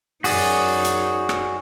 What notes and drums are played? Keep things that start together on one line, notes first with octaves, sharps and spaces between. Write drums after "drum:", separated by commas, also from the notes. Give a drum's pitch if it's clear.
F#2 D#4 F#4 G#4 D5, drum: open hi-hat
drum: hi-hat
drum: rim click